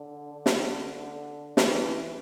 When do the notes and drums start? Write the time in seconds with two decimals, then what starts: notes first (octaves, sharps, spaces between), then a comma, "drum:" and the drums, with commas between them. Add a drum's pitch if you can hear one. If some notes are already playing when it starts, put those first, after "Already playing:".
Already playing: D3
0.33 D3
0.46 drum: snare
1.57 E3, drum: snare